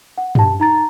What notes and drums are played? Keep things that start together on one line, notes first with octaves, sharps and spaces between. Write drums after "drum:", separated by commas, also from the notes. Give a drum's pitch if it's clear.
F#5
G4 A5, drum: tom
D#4 A#5 A6